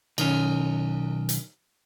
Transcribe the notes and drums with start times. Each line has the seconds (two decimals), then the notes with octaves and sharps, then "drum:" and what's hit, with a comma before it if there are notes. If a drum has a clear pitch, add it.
0.18 B1 D#3 C#4, drum: cymbal
1.29 drum: hi-hat